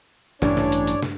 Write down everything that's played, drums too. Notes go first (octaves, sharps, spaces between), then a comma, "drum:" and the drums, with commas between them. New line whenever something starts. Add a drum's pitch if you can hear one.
A1 G2 D4 C#5 D5, drum: snare
drum: snare
drum: hi-hat
drum: hi-hat
drum: snare